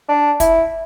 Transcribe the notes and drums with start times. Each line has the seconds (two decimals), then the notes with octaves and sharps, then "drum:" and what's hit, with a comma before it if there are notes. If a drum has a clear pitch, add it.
0.09 D4
0.40 E4, drum: kick, hi-hat